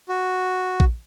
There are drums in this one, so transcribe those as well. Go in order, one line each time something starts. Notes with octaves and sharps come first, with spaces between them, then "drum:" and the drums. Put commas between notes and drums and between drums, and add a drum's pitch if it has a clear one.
F#4
drum: kick A#1